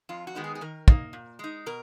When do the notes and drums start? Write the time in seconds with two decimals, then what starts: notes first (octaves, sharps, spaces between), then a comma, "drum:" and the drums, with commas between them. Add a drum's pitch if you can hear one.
0.09 F2 F4
0.27 F#4
0.35 D#3 G#3 B3 D#4
0.44 G#4
0.55 G#4
0.61 D#3 A#4
0.88 A#3 D#4, drum: kick
1.13 A#2
1.39 G#3 D#4
1.66 B2 A#4